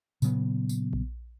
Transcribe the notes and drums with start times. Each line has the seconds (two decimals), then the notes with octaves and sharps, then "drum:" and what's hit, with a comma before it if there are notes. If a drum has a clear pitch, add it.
0.22 A#2 C#3 F#3 B3, drum: tambourine
0.69 drum: tambourine
0.93 drum: kick A#1